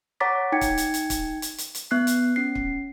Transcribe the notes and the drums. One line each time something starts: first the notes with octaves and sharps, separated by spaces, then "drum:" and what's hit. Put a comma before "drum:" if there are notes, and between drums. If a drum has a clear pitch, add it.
C#5 F#5 A#5 D6 A6 B6
D#4 G5 G#6 C#7
drum: kick, hi-hat
drum: hi-hat
drum: hi-hat
drum: kick, hi-hat
drum: hi-hat
drum: hi-hat
drum: hi-hat
B3 F#6 C7
drum: hi-hat
C#4 C7
drum: kick